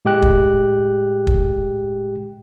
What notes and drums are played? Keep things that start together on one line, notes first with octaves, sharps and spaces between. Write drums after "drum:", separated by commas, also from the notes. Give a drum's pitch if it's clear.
A2 G#3 G4 G5 F#6
drum: kick
drum: kick